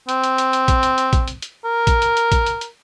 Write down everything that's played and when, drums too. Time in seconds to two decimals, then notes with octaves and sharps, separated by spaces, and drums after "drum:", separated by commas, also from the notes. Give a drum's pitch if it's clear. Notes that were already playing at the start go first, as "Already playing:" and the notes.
0.09 C4, drum: hi-hat
0.24 drum: hi-hat
0.38 drum: hi-hat
0.53 drum: hi-hat
0.68 drum: kick A#1, hi-hat
0.83 drum: hi-hat
0.98 drum: hi-hat
1.13 drum: kick A#1, hi-hat
1.28 drum: hi-hat
1.42 drum: hi-hat
1.65 A#4
1.87 drum: kick A#1, hi-hat
2.02 drum: hi-hat
2.17 drum: hi-hat
2.32 drum: kick A#1, hi-hat
2.46 drum: hi-hat
2.61 drum: hi-hat